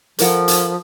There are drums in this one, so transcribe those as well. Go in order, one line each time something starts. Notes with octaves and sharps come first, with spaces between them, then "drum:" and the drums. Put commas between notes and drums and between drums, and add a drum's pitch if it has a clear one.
F3 A4 A#4 F#5, drum: hi-hat
drum: hi-hat